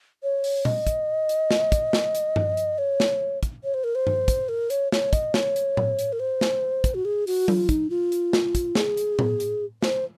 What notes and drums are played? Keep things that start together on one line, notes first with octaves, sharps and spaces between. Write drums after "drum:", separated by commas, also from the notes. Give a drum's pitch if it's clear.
C#5
drum: open hi-hat
D#5, drum: tom A#2
drum: kick, hi-hat
drum: hi-hat
drum: snare
drum: kick, hi-hat
drum: snare
drum: hi-hat
drum: tom G2
drum: hi-hat
C#5
drum: snare
drum: kick, hi-hat
C#5
C5
A#4
C5
drum: tom G2
drum: kick, hi-hat
A#4
C#5, drum: hi-hat
C#5, drum: snare
D#5, drum: kick, hi-hat
C#5, drum: snare
drum: hi-hat
drum: tom A2
drum: hi-hat
A#4
C5
drum: snare
drum: kick, hi-hat
F#4
G#4
F#4, drum: open hi-hat
F4, drum: tom F#3
D#4, drum: kick, hi-hat
F4
drum: hi-hat
drum: snare
drum: kick, hi-hat
G#4, drum: snare
drum: hi-hat
drum: tom A2
drum: hi-hat
C5, drum: snare